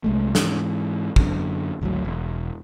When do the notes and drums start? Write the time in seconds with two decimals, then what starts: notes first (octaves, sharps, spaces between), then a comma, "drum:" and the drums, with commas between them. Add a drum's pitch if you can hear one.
0.04 C2 G#3 A3
0.35 G#2 E3, drum: snare
1.16 F#2 D3, drum: kick
1.81 G#1 D2 D3 F#3
2.05 E1